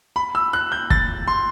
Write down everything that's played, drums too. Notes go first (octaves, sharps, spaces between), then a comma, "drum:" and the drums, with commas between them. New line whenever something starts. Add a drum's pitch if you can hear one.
B5
E6
F#6
G6
A6, drum: kick
C6